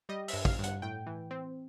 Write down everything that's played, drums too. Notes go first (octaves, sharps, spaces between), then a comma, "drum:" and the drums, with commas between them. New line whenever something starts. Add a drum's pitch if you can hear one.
G3 D#5
E5, drum: open hi-hat
G2
F5, drum: kick
G2
F#5, drum: hi-hat
A2 G5
E3
C4